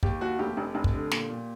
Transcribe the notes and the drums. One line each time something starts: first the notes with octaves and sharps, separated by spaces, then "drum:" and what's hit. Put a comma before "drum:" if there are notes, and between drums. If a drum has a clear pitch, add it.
D#2 G4, drum: kick
D#2 F#4
F1 G4
F1
F1
drum: kick
D3
A#2, drum: snare
A#2